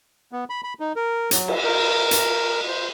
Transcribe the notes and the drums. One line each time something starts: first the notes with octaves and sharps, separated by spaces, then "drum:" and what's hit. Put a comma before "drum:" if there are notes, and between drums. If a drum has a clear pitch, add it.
B3
B5
B5
D#4
A#4
F#3, drum: hi-hat
drum: cymbal
A#4
drum: hi-hat
C5